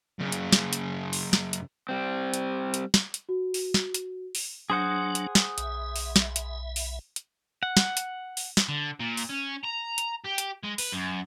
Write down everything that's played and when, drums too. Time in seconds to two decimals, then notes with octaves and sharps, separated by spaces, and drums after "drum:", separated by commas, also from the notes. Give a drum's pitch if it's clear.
0.19 F#2 C#3
0.32 drum: hi-hat
0.53 drum: snare
0.73 drum: hi-hat
1.13 drum: open hi-hat
1.33 drum: snare
1.53 drum: hi-hat
1.89 G3 C4
2.34 drum: hi-hat
2.74 drum: hi-hat
2.94 drum: snare
3.14 drum: hi-hat
3.29 F#4
3.54 drum: open hi-hat
3.74 drum: snare
3.94 drum: hi-hat
4.35 drum: open hi-hat
4.70 F#3 D4 G#4 C5 F#5
5.15 drum: hi-hat
5.35 drum: snare
5.58 B1 E5, drum: hi-hat
5.96 drum: open hi-hat
6.16 drum: snare
6.36 drum: hi-hat
6.76 drum: open hi-hat
7.16 drum: hi-hat
7.63 F#5
7.77 drum: snare
7.97 drum: hi-hat
8.37 drum: open hi-hat
8.57 drum: snare
8.69 D3
9.00 A#2
9.17 drum: open hi-hat
9.29 C#4
9.63 A#5
9.98 drum: hi-hat
10.24 G4
10.38 drum: hi-hat
10.63 G#3
10.78 B4, drum: open hi-hat
10.92 F#2